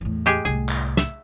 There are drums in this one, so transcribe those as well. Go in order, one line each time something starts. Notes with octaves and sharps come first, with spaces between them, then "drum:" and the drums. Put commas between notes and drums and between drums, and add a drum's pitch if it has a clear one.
E2 A2
G#3 G4 G#4
C2 A2 G#4
drum: clap
E5, drum: snare